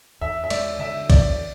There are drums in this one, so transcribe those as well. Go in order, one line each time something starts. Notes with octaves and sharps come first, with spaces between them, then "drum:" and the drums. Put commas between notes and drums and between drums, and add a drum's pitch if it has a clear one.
E2 E5
E5
G#3 D5, drum: cymbal
D3 E5
E2 D5, drum: kick A#1, cymbal